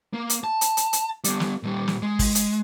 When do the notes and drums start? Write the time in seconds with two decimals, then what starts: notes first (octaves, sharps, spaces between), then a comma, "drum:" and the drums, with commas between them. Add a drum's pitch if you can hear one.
0.13 A#3
0.30 drum: hi-hat
0.44 A5
0.61 drum: hi-hat
0.77 drum: hi-hat
0.93 drum: hi-hat
1.24 G3 B3, drum: hi-hat
1.40 drum: snare
1.63 A#2 G3
1.88 drum: snare
2.02 G#3
2.19 drum: kick, open hi-hat
2.35 drum: hi-hat